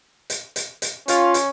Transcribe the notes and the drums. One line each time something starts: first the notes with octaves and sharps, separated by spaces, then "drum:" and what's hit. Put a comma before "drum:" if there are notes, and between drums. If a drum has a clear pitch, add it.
drum: hi-hat
drum: hi-hat
drum: hi-hat
C#4 F4, drum: hi-hat
drum: hi-hat